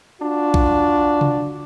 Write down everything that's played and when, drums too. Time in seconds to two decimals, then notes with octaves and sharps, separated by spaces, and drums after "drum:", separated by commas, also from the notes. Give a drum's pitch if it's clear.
0.22 D4 F4 F#4
0.54 drum: kick A#1
1.21 drum: tom C3